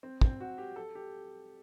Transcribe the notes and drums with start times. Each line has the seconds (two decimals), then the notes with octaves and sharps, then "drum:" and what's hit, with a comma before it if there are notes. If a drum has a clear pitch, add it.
0.03 C4
0.21 C4, drum: kick
0.41 F#4
0.58 G4
0.76 A4
0.95 G4